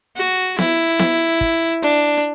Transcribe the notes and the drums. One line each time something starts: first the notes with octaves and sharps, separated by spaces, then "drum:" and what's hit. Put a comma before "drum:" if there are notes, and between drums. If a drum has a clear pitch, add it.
F#4
E4, drum: snare B3
drum: snare B3
drum: kick
D4